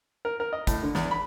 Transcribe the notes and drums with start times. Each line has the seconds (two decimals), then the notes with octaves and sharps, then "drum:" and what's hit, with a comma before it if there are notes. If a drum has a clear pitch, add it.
0.25 A#4
0.40 A#4
0.53 D#5
0.67 A2, drum: kick, hi-hat
0.83 D3
0.95 E2, drum: snare
1.11 B5